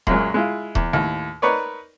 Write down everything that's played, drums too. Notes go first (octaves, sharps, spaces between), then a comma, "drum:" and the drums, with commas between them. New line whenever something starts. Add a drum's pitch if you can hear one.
F#2 A#2 F#3 G#3, drum: kick D#1
G#3 E4 F4
E2, drum: kick D#1
D#2 A2
D#4 A#4 B4 C#5 D5